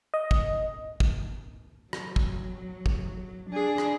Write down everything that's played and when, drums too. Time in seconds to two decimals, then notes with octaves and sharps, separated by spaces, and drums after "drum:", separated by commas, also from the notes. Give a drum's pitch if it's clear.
0.14 D#5
0.31 drum: kick
1.00 drum: kick
1.93 F#3, drum: rim click
2.16 drum: kick
2.86 drum: kick
3.50 D4 G#4
3.78 drum: rim click